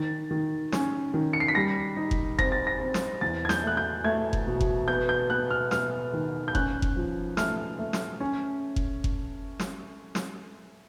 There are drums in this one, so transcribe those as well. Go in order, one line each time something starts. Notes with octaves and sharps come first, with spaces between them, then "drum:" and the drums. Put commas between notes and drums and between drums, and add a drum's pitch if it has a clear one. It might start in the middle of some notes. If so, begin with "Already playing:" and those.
Already playing: D#3 A6
D#3
C#4, drum: snare
D#3
C#7
C7
B6
G3 A#6
D#4
drum: kick F#1
C4 A#6, drum: kick F#1
A6
A#6
C4
drum: snare
E2 A6
G#6
G6, drum: snare
A3 F#6
G6
A3 G#6
drum: kick F#1
B2
drum: kick F#1
B3 G6
G6
B3 F#6
F6
B3 F6, drum: snare
D#3
G6
C#4 F#6, drum: kick F#1
drum: kick F#1
F3
A3 F6, drum: snare
A3
drum: snare
C#4
drum: kick F#1
drum: kick F#1
drum: snare
drum: snare